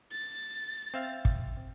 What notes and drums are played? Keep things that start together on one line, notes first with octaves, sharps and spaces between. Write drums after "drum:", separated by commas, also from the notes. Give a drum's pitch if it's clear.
A6
C4 E5 F5
drum: kick